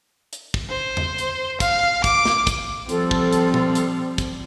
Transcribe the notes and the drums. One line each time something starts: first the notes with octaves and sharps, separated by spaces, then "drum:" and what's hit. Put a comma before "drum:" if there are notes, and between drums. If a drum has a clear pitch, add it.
drum: hi-hat
drum: kick
C5
drum: tom E2
drum: hi-hat
F5, drum: kick, hi-hat
D6, drum: kick, hi-hat
drum: snare
drum: kick, hi-hat
F3 G3 C4 A4, drum: hi-hat
drum: kick
drum: hi-hat
drum: tom A#2
drum: hi-hat
drum: kick, hi-hat